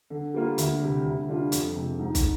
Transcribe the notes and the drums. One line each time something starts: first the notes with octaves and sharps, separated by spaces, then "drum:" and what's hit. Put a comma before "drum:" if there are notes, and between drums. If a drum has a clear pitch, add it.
D3
G3 A#3 F4
D2, drum: hi-hat
C3 G3
D2
D3 G3 D4 F4
F2, drum: hi-hat
C3 F3 G#3
G#2
drum: kick, hi-hat